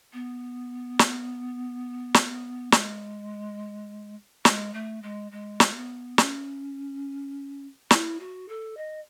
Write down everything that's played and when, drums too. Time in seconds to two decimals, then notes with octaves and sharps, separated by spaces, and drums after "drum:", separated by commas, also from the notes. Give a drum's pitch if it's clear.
0.13 B3
0.99 drum: snare
2.14 drum: snare
2.72 G#3, drum: snare
4.45 G#3, drum: snare
4.74 A3
5.02 G#3
5.32 G#3
5.60 drum: snare
5.74 B3
6.18 C#4, drum: snare
7.91 E4, drum: snare
8.19 F#4
8.48 A4
8.77 D#5